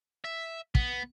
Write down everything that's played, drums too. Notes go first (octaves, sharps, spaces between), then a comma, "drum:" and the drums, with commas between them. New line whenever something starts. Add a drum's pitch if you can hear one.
E5
B3, drum: kick